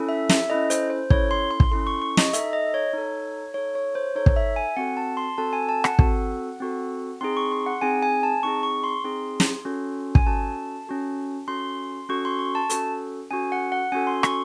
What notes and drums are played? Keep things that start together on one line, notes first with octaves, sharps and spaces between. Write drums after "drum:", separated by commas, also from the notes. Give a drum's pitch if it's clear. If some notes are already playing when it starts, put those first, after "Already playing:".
Already playing: C#4 E4 A4
E5
E5, drum: snare
C#4 E4 A4 D#5
C5, drum: hi-hat
C5
C#4 E4 A4 C#5, drum: kick
C6
C6
drum: kick
C#4 E4 A4 C6
C#6
C#6
D#5, drum: snare
D#4 A4 E5, drum: hi-hat
D#5
C#5
D#4 A4
D#4 A4 C#5
C#5
C5
D#4 A4 C#5
drum: kick
E5
G#5
C4 F#4 A4 F#5
A5
C6
C4 F#4 A4 A5
G#5
A5
F#5, drum: rim click
C4 F#4 A4, drum: kick
C4 F#4 A4
C4 D#4 G#4 C6
C#6
C6
F#5
C4 D#4 G#4 G#5
G#5
A5
C4 D#4 G#4 C#6
C#6
C6
C4 D#4 G#4
drum: snare
C#4 F#4 A4
G#5, drum: kick
C#4 F#4 A4 A5
C#4 F#4 A4
C#4 F#4 A4 C6
C#4 F#4 A4 C#6
C6
C#6
A5
C#4 F#4 A4, drum: hi-hat
C#4 F#4 A4 G#5
F#5
F#5
C#4 F#4 A4 G#5
C6
C#6, drum: rim click